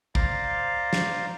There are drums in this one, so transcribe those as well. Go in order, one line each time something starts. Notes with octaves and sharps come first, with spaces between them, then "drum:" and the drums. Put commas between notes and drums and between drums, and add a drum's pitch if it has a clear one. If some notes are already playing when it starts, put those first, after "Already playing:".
C5 D5 F5 A#5, drum: kick
drum: snare